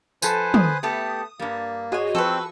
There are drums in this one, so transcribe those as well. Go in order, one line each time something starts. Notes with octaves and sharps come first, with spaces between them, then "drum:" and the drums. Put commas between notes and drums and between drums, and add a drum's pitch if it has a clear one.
F3 A4 B4 C5 G#5, drum: tambourine
D#6, drum: tom
A3 B3 G4 A4
G2 G3 A#3
F#4 G#4 C5 C#5 D#5
F3 C4 A4 B4 C#6 E6